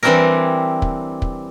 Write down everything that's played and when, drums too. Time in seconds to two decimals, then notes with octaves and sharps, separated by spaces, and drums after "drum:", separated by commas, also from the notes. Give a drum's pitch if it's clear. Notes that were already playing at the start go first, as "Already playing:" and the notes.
0.03 E3 G3 C4 D4 E4 A#4
0.82 drum: kick
1.22 drum: kick